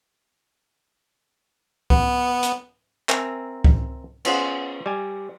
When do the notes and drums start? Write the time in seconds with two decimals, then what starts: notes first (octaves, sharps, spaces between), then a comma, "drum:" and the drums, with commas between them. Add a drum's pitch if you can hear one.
1.90 B3, drum: kick C2
2.43 drum: hi-hat
3.09 C4 A#4 E5 G#5 A#5, drum: clap
3.64 drum: kick C2
4.25 B3 C#4 F4 G#4 C5 F#5, drum: cymbal
4.86 G3 G#5